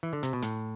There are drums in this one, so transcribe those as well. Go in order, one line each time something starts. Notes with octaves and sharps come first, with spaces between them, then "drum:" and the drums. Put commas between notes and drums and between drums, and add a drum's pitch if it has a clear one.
E3
D3
C3, drum: hi-hat
B2
A2, drum: hi-hat